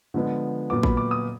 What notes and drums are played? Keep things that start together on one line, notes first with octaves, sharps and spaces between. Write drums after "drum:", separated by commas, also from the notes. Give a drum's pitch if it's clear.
D3 F3 G#3 B3
A#2 F#3 B3 D6
B5, drum: kick A1
D6
D#6